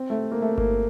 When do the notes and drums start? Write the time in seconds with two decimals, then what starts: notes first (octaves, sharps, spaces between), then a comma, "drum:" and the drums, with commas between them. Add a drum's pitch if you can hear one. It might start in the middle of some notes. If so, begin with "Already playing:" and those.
Already playing: C4
0.10 A3
0.32 A#3
0.42 A3
0.58 A#3, drum: kick G1